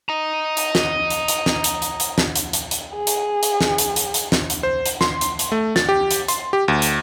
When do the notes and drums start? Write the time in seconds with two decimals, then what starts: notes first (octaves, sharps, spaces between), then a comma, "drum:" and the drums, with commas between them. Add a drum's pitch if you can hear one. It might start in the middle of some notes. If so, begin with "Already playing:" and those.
0.09 D#5 A#5
0.57 drum: hi-hat
0.75 drum: snare
1.11 drum: hi-hat
1.28 drum: hi-hat
1.46 drum: snare
1.64 drum: hi-hat
1.82 drum: hi-hat
2.00 drum: hi-hat
2.18 drum: snare
2.36 drum: hi-hat
2.53 drum: hi-hat
2.71 drum: hi-hat
2.96 G#4
3.07 drum: hi-hat
3.43 drum: hi-hat
3.61 drum: snare
3.78 drum: hi-hat
3.96 drum: hi-hat
4.14 drum: hi-hat
4.32 drum: snare
4.50 drum: hi-hat
4.63 C5
4.86 drum: hi-hat
5.01 C6, drum: snare
5.21 drum: hi-hat
5.39 drum: hi-hat
5.52 A3
5.76 A6, drum: snare
5.89 G4
6.11 drum: hi-hat
6.28 C6, drum: hi-hat
6.53 G4
6.68 D2
6.82 drum: hi-hat